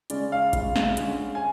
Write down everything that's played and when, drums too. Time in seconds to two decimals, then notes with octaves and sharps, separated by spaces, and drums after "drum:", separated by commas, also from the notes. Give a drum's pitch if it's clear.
0.10 C#3 G#3 C#4 D5, drum: hi-hat
0.32 F5
0.53 C#3 G#3 C#4 F5, drum: kick A1, hi-hat
0.76 drum: snare
0.97 D3 G#3 C#4, drum: hi-hat
1.35 G#5